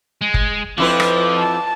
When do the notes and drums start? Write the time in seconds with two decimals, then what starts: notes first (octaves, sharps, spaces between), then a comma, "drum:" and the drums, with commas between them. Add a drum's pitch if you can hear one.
0.21 G#3
0.34 drum: kick
0.78 F2 F3 E4 B4 D6
1.00 drum: rim click
1.38 A5